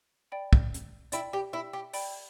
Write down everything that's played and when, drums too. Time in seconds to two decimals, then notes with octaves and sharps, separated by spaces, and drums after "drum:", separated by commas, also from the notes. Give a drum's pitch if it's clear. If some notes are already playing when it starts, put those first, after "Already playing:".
0.32 D5 G5 B5
0.53 drum: kick
0.74 drum: hi-hat
1.12 E4 D5 G5 B5, drum: hi-hat
1.33 G4
1.53 E4
1.73 G4
1.93 D5 G5 B5, drum: open hi-hat